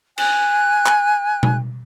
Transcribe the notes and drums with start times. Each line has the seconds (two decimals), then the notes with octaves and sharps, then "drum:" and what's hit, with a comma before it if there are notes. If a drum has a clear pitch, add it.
0.18 G#5 F#6, drum: cymbal
0.86 drum: clap
1.43 drum: tom B2